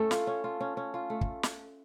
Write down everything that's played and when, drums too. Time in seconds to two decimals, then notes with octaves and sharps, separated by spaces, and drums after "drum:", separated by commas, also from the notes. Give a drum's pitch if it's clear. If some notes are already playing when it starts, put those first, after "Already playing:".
Already playing: A3 C#4 A4
0.11 F4, drum: snare
0.27 C#4
0.44 F4
0.60 C#4
0.77 C#4
0.94 F4
1.10 A3
1.21 drum: kick
1.43 drum: snare